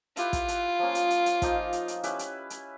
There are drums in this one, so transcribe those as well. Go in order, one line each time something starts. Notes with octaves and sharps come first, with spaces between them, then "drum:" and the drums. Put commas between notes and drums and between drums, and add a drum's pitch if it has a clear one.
E4 F4 G4 B4, drum: hi-hat
drum: kick, hi-hat
drum: hi-hat
F3 A#3 C#4
drum: hi-hat
drum: hi-hat
drum: hi-hat
F3 A#3 D#4, drum: kick, hi-hat
drum: hi-hat
drum: hi-hat
C#4 E4 G4 B4, drum: hi-hat
drum: hi-hat
drum: hi-hat